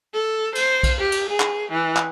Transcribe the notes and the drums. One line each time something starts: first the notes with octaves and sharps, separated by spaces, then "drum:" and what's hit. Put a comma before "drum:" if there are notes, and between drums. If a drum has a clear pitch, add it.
A4
C5, drum: cymbal
drum: kick B1, cymbal
G4
drum: cymbal
G#4
drum: clap
E3
drum: clap